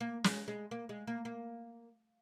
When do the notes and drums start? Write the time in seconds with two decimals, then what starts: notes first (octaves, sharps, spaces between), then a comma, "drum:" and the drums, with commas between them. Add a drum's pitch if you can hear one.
0.01 A#3
0.24 G#3, drum: snare
0.48 G#3
0.71 A#3
0.89 G#3
1.07 A#3
1.25 A#3